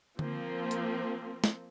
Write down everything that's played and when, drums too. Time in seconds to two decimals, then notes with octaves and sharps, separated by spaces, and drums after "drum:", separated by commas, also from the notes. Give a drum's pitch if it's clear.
0.19 F3 A#3 C4, drum: tom D3
0.71 drum: hi-hat
1.44 drum: snare